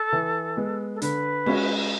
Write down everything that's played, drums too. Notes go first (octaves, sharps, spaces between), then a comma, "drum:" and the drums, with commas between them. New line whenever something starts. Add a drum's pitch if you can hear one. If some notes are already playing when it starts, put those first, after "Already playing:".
Already playing: A4
E3
G#3 B3
A4
D3 B4, drum: hi-hat
G#3 C#4 F#4, drum: cymbal